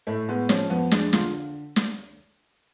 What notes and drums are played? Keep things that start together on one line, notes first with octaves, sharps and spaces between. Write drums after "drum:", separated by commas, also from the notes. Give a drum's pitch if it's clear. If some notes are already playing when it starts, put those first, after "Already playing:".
A2 A3
G#3 B3
F3 C#4, drum: snare
F2 B3
G#3 D4, drum: snare
D3 F4, drum: snare
drum: snare